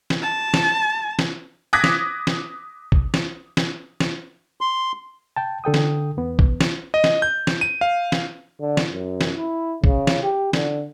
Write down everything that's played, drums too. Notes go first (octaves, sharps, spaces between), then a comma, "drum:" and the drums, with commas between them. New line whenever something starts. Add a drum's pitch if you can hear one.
drum: snare
A5
drum: snare
drum: snare
D6 D#6 F#6 G#6 A#6 B6
drum: snare
drum: snare
drum: kick
drum: snare
drum: snare
drum: snare
C6
G5 A5
D3 A4 G5 D#6
drum: snare
E2 B3
drum: kick
drum: snare
D#5
drum: snare
G6
drum: snare
D#7
F5
drum: snare
D3
drum: snare
F#2
drum: snare
E4
C#3, drum: kick
drum: snare
G4
D3, drum: snare